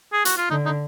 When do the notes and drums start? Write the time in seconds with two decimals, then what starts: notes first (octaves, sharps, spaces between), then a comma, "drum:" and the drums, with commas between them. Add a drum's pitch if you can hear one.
0.13 G#4
0.25 F#4, drum: hi-hat
0.38 F4
0.50 D3 D#4
0.65 D#4